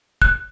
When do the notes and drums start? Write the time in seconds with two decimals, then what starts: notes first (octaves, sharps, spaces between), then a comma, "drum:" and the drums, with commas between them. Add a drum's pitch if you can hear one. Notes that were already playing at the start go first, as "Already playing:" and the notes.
0.22 F#6, drum: kick